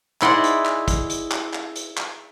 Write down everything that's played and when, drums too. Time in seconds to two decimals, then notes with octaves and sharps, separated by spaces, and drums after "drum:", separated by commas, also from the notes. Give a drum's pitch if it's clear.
0.22 E4 G#4 D5 D#5 F#5 C6, drum: clap
0.44 drum: hi-hat
0.66 drum: clap
0.88 drum: kick, hi-hat
1.10 drum: hi-hat
1.32 drum: clap
1.54 drum: clap
1.76 drum: hi-hat
1.98 drum: clap